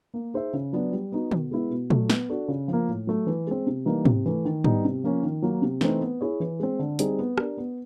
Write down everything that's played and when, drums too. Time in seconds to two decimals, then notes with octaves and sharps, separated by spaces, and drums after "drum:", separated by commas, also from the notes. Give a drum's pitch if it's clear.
0.14 A#3
0.34 D#4 G#4 C5 E5
0.53 C#3
0.73 F#3 B3 D4
0.92 G3
1.12 B3 D#4 F#4
1.31 B2, drum: tom D3
1.51 G#3 B3 E4
1.70 B2
1.90 F#3 A3, drum: tom A#2
2.10 B3, drum: snare
2.29 D4 F#4 A4
2.48 C#3
2.68 F3 A#3
2.89 A2
3.07 F#3 A3
3.27 E3
3.47 G#3 C4
3.66 C3
3.85 E3 G3 A#3 D#4
4.05 C3, drum: tom G#2
4.26 E3 A3
4.45 D#3
4.64 G3 B3 D#4, drum: tom G#2
4.84 C3
5.04 F3 A#3 C#4
5.23 D#3
5.42 F#3 A#3
5.62 C3
5.81 E3 A3 C4 D#4, drum: snare
6.01 B3
6.21 E4 G#4 C#5
6.40 E3
6.60 G#3 C4
6.79 D3
6.99 G3 C4 D#4 G#4, drum: hi-hat
7.19 B3
7.38 D4 G4 A#4, drum: rim click
7.57 B3